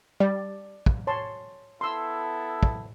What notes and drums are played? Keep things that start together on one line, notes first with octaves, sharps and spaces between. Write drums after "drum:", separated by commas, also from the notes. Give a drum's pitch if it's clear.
G3 D5
drum: kick
C#5 A5 C6
B3 E4 A4 C6 E6
drum: kick